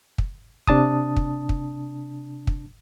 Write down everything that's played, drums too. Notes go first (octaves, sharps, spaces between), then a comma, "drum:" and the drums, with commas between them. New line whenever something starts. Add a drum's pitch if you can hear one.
drum: kick
C3 D4 A5 D#6, drum: kick
drum: kick
drum: kick
drum: kick